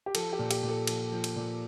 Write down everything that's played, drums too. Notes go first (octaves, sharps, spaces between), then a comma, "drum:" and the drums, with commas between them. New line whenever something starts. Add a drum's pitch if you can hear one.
G4
F3 A4, drum: cymbal
G4
A#2
G4, drum: cymbal
A#2
A4
F3, drum: cymbal
F3
drum: cymbal
A#2